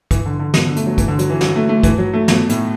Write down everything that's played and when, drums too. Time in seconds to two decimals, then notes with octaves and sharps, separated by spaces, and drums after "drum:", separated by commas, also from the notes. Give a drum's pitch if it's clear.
0.11 E3, drum: kick, hi-hat
0.26 D3
0.39 D3
0.54 B2, drum: snare
0.65 D3
0.76 A3, drum: hi-hat
0.87 F#3
0.98 E3, drum: kick, hi-hat
1.08 D3
1.19 F#3, drum: hi-hat
1.30 E3
1.41 F#3, drum: snare
1.56 A3
1.69 A3
1.83 E3, drum: kick, hi-hat
1.98 F#3
2.13 A3
2.28 B2, drum: snare
2.49 A2, drum: hi-hat